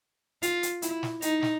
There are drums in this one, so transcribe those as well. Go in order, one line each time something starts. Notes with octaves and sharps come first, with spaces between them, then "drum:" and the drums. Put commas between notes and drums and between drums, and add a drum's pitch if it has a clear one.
F4, drum: hi-hat
drum: hi-hat
E4, drum: hi-hat
drum: snare
D#4, drum: hi-hat
drum: snare